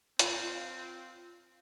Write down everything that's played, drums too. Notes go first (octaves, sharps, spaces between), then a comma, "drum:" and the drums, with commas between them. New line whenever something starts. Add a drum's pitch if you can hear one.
C4 F4, drum: hi-hat